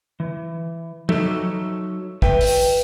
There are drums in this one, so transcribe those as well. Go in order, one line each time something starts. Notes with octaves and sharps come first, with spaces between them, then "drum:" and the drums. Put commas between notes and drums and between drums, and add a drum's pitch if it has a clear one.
E3
F#3 D#4 A4 E5, drum: tom
B4 E5 G5, drum: kick
drum: open hi-hat